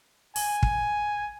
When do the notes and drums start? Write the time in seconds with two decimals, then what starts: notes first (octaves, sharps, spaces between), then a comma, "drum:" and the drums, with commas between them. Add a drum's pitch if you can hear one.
0.36 G#5, drum: open hi-hat
0.63 drum: kick